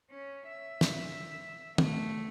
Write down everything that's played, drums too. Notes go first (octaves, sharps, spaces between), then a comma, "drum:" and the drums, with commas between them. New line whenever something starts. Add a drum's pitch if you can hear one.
C#4
E5
drum: snare
A3, drum: tom